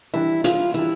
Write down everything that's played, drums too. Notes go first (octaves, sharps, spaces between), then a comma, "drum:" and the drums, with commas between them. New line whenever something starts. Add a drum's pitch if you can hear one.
E3 G3 D4 E4
F4, drum: hi-hat
E3 G3 D4 E4